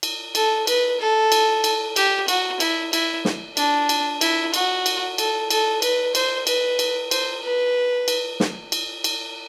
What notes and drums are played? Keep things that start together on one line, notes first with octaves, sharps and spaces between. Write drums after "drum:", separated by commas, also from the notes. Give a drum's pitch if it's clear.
drum: cymbal
A4, drum: cymbal
B4, drum: cymbal
A4
drum: cymbal
drum: cymbal
G4, drum: cymbal
F#4, drum: cymbal
E4, drum: cymbal
E4, drum: cymbal
drum: snare
D4, drum: cymbal
drum: cymbal
E4, drum: cymbal
F#4, drum: cymbal
drum: cymbal
A4, drum: cymbal
A4, drum: cymbal
B4, drum: cymbal
C5, drum: cymbal
B4, drum: cymbal
drum: cymbal
C5, drum: cymbal
B4
drum: cymbal
drum: snare
drum: cymbal
drum: cymbal